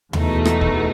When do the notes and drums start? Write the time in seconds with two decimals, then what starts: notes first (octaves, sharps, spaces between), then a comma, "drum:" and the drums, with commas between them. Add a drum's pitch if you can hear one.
0.13 E2 B2 A3 D#4, drum: tom D#2
0.45 drum: rim click
0.61 drum: kick D2